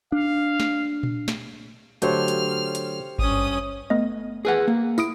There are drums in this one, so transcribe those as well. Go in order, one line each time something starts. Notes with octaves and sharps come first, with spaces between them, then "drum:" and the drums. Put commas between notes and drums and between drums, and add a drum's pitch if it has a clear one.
D4 F5
drum: snare
drum: tom A#2
drum: snare
D3 F#3 A3 G4 C5 C#5 F6, drum: hi-hat
drum: hi-hat
drum: hi-hat
G2 C#4 D#6, drum: kick G#1
A3 B3 D#5
G#4 B4 F#5
A#3
E4 D#6 D7, drum: tambourine